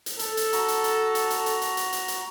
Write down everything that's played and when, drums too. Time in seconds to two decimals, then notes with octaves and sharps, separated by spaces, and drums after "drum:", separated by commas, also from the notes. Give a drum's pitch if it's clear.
0.06 drum: hi-hat
0.19 A4, drum: hi-hat
0.37 drum: hi-hat
0.53 F#4 A#5, drum: hi-hat
0.68 drum: hi-hat
0.84 drum: hi-hat
1.15 drum: hi-hat
1.30 drum: hi-hat
1.46 drum: hi-hat
1.61 drum: hi-hat
1.77 drum: hi-hat
1.93 drum: hi-hat
2.08 drum: hi-hat